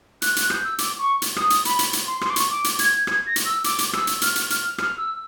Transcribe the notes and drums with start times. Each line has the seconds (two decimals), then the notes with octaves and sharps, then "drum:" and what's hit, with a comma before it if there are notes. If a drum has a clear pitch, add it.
0.22 F#6, drum: hi-hat
0.36 F#6, drum: hi-hat
0.50 G6, drum: rim click
0.64 E6
0.78 D6, drum: hi-hat
0.99 C#6
1.22 drum: hi-hat
1.36 D#6, drum: rim click
1.50 drum: hi-hat
1.65 B5, drum: hi-hat
1.79 drum: hi-hat
1.93 drum: hi-hat
2.07 C6
2.21 C6, drum: rim click
2.30 D6
2.36 C#6, drum: hi-hat
2.50 D6
2.64 drum: hi-hat
2.79 G#6, drum: hi-hat
3.07 G#6, drum: rim click
3.26 A#6
3.36 drum: hi-hat
3.45 E6
3.64 D6, drum: hi-hat
3.79 drum: hi-hat
3.93 E6, drum: rim click
4.07 drum: hi-hat
4.21 F6, drum: hi-hat
4.36 drum: hi-hat
4.50 F6, drum: hi-hat
4.78 F6, drum: rim click
4.97 E6